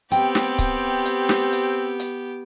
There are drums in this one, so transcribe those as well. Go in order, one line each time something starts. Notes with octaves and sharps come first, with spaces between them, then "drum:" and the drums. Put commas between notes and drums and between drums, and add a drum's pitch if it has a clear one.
B3 C4 G4 G5, drum: hi-hat
drum: snare
drum: kick C#1, hi-hat
drum: hi-hat
drum: snare
drum: hi-hat
drum: hi-hat